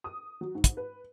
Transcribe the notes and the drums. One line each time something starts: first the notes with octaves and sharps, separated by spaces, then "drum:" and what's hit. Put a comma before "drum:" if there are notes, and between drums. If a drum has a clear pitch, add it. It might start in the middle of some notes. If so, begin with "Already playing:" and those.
D#6
F#3
G#2
drum: kick, hi-hat
B4